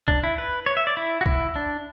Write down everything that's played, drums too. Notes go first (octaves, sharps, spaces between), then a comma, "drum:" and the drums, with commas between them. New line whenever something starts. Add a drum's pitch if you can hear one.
D4, drum: kick
E4
B4
C#5
E5
D5
E4
F#4
E4, drum: kick
D4